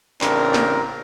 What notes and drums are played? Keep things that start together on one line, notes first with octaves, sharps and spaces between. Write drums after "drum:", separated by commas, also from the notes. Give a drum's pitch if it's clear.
A1 C#3 C4 D4 A#4, drum: clap
drum: snare